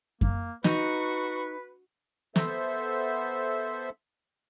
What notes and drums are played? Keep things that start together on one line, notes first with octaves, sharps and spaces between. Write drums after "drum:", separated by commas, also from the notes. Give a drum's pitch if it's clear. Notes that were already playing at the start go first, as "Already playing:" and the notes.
A#3, drum: kick F#2
D#4 F#4 B4 C#6, drum: snare
B3 A4 C5 E5, drum: snare